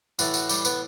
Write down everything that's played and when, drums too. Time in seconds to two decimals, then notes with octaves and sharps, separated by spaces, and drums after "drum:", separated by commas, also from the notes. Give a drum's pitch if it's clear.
0.19 A2 E3 A3 F#4, drum: tambourine
0.34 F#4, drum: tambourine
0.49 G3 G4, drum: tambourine
0.65 B3 B4, drum: tambourine